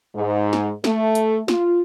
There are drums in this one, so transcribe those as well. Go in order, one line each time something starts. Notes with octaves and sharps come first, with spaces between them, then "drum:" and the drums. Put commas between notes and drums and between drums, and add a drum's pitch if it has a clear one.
G#2
drum: snare
A3, drum: snare
drum: hi-hat
F4, drum: snare